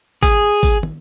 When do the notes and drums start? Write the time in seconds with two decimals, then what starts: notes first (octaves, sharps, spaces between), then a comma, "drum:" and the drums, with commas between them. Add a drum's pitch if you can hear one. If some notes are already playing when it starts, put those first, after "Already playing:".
0.23 G#4, drum: kick G#1, tambourine
0.63 drum: kick G#1, tambourine
0.83 drum: tom